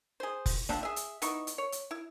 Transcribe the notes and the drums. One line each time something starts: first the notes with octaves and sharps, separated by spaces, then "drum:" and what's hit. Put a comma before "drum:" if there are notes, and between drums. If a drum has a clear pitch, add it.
G#4 C5
drum: kick F1, open hi-hat
D3 F3 C4 D4, drum: snare
G#4 E5
drum: hi-hat
B3 D#4 E4 C#6, drum: hi-hat
drum: hi-hat
C#5
drum: hi-hat
E4